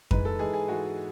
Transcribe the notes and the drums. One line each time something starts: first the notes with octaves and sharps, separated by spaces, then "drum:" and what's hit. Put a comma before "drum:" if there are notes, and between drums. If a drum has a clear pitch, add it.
G#2 E3 G#3 B4, drum: kick F2
A4
G#2 E3 G#3 G#4
G#4
G#2 E3 G#3 F#4